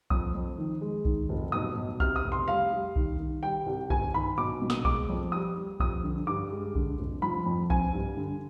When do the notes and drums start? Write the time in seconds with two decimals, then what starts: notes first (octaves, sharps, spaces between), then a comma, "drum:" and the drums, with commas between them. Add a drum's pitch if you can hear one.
0.10 F2 D#6, drum: kick B1
0.35 F2
0.58 D#3
0.81 G#3
1.05 D#3, drum: kick B1
1.29 F1
1.52 B1 D#6
1.76 B1
2.00 C3 F6, drum: kick B1
2.16 D#6
2.24 F1
2.32 C6
2.48 G3 F5
2.71 G3
2.96 D#3, drum: kick B1
3.19 D#3
3.43 G3 G5
3.66 C2
3.90 G1 G#5, drum: kick B1
4.14 D#3 B5
4.38 B1 D6
4.62 B2
4.70 D#6, drum: snare
4.85 G#3 D6, drum: kick B1
5.09 F2
5.32 G3 D#6
5.57 G3
5.80 F2 D#6, drum: kick B1
6.04 D3
6.27 G2 D6
6.52 G#3
6.75 D3, drum: kick B1
6.99 F1
7.22 F3 B5
7.46 F2
7.70 C4 G#5, drum: kick B1
7.93 G2
8.17 D3